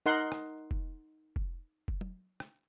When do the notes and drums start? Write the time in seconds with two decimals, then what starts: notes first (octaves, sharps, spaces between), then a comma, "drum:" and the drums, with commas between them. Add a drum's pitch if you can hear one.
0.06 D#4 A#4 F#5 C6
0.32 drum: rim click
0.71 drum: kick
1.36 drum: kick
1.88 drum: kick
2.01 drum: tom
2.40 drum: rim click